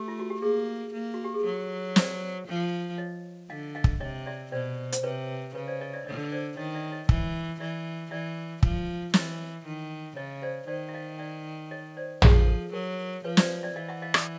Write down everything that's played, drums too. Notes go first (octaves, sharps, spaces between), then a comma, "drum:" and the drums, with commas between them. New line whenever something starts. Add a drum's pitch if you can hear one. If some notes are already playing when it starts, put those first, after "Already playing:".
Already playing: A3 G4
F4
F#4
G4
A#3 G#4
A#3
F#4
G4
G#4
F#3 A4
C5 D5, drum: snare
F3
C#5 D#5
D3 D#5 F5
D#5 F5
drum: kick
C3 C#5 D#5
D5 E5
B2 C5 D5
C5, drum: hi-hat
C3 B4 C#5
C#3 B4 C#5
C5 D5
C#5 D#5
D5 E5
D3 C#5 D#5
C5 D5
D#3 C#5 D#5
D5 E5
C#5 D#5
E3, drum: kick
E3 D5 E5
E3 D5 E5
F3, drum: kick
E3 C#5 D#5, drum: snare
D#3
C#3 C#5 D#5
C5 D5
D#3 C5 D5
E5
D#5 F5
D5 E5
C#5 D#5
C5 D5
F3 G#4, drum: tom
A4
F#3 A#4
F3 B4 C#5
C5 D5, drum: snare
D5 E5
E3 D#5 F5
E5 F#5
D#5 F5
D5 E5, drum: rim click